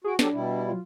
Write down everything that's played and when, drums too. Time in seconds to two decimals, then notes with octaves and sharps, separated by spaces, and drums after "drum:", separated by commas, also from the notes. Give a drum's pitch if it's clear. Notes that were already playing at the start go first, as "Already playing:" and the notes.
0.04 F#4 G#4 D7
0.19 F#3 D4 G4 A4, drum: snare
0.32 B2 G3 E4
0.68 F#3 F4